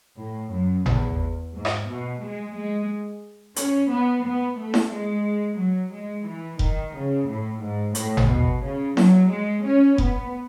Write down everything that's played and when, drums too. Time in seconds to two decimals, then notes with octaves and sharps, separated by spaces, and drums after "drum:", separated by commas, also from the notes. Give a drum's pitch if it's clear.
0.17 A2
0.52 F#2
0.86 E2, drum: tom G#1
1.53 G#2
1.65 drum: rim click
1.87 B2
2.21 G#3
2.55 G#3
3.56 C#4, drum: hi-hat
3.90 B3
4.24 B3
4.58 A3
4.74 drum: snare E4
4.91 G#3
5.58 F#3
5.92 G#3
6.27 E3
6.59 D#3, drum: kick F1
6.94 C#3
7.28 A2
7.61 G#2
7.95 A2, drum: hi-hat
8.17 drum: tom G#1
8.28 B2
8.63 C#3
8.97 F#3, drum: snare E4
9.30 G#3
9.64 C#4
9.98 B3, drum: kick F1